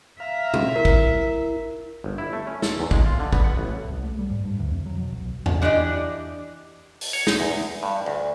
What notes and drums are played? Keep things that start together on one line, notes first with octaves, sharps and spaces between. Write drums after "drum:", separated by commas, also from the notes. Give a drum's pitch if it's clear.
E5 F5 A#5 F6
drum: tom A#2
E4 A#4
drum: kick
G1
E4
A3
C#4
A4, drum: snare
E2
G#3, drum: kick
F4
D3
B3, drum: kick
F#5
A1
C2
A3
G3
G#2
G2
D2
F2
F#3
B2
B1
B1
drum: tom E2
E3 D4 G4 D5 D#5
drum: open hi-hat
C#5
D#4, drum: snare
E2
G2
D2